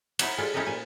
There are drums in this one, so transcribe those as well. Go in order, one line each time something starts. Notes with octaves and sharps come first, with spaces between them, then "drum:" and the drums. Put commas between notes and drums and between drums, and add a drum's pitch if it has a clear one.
F#3 D#4 E4, drum: cymbal
G3 G#3 F4 A4 G5
C#4 D#4 E4 G4 A4 D#5
A#2 D5 G#5